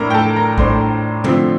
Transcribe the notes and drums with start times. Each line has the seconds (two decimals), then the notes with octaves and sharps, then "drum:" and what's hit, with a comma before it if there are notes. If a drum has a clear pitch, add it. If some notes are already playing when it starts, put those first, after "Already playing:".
Already playing: A2 A3 D4 A#4 A#5
0.10 G5
0.14 A4 A5
0.36 A#4 A#5
0.58 A2 A3 D4 C5 C6, drum: kick
1.24 D3 F3 A3 C4, drum: tom